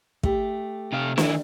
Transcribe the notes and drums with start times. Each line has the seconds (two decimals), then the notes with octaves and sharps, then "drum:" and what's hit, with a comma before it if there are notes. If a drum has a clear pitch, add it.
0.23 A3 G4, drum: kick
0.93 C3 F5
1.18 D#3 E4, drum: snare